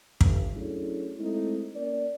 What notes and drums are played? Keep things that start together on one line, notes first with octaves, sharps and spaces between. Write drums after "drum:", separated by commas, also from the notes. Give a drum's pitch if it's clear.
G1, drum: kick
F#3 A3 C#4 D4 E4 G#4
G#3 A3 C4 D#4 E4
A#3 C#4 A#4 D5